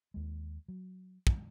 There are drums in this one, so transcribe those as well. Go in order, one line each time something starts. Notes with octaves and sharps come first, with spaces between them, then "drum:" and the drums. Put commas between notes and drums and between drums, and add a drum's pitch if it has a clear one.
D#2 G#3
F#3
drum: kick